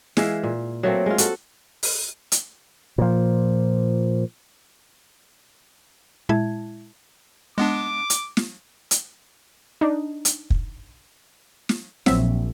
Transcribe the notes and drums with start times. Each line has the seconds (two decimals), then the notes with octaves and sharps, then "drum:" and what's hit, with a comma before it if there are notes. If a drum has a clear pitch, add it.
0.17 E3 G#3 E5 F5, drum: snare
0.43 A#2
0.83 F#3 A3 A#3 C4
1.06 G#3 F4
1.18 F#4 A4, drum: hi-hat
1.83 drum: open hi-hat
2.32 drum: hi-hat
2.98 A#2 F3
6.29 A#2 G#3 E4 E5 A5 G#6
7.58 G#3 B3 D4 D6
8.10 drum: hi-hat
8.37 drum: snare
8.91 drum: hi-hat
9.81 D4 D#4
10.25 drum: hi-hat
10.50 drum: kick
11.69 drum: snare
12.06 A#1 F#3 C4 E5, drum: snare